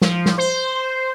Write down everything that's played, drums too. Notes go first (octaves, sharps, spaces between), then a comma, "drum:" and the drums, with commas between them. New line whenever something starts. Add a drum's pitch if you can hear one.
F3, drum: snare
drum: snare
C5